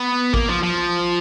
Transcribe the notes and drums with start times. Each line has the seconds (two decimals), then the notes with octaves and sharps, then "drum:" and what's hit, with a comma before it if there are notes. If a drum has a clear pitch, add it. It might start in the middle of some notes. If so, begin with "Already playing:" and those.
Already playing: B3
0.34 A#3, drum: kick A1
0.49 F3
0.63 F3